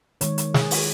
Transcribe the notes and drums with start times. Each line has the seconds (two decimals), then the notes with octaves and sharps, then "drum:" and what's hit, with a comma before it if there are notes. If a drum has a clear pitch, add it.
0.21 D#3 G#3 C#5, drum: hi-hat
0.38 drum: hi-hat
0.54 G#4, drum: snare
0.71 drum: open hi-hat